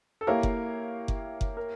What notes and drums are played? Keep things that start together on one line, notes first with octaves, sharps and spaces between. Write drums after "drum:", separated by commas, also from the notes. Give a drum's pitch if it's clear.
A4
A#3 E4 G4 A#4 C#5 F5
drum: kick F#1
drum: kick F#1
drum: kick F#1
A#4